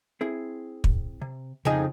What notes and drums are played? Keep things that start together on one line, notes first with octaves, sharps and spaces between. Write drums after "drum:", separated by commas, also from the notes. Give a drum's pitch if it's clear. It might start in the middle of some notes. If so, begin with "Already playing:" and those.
C4 E4 G#4
drum: kick
C3
C2 F2 C#3 D#4 G#4 G#5